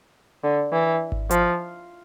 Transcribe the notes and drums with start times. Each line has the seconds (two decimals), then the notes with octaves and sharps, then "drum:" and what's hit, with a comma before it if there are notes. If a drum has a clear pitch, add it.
0.44 D3
0.72 E3
1.12 drum: kick G#1
1.31 F3, drum: hi-hat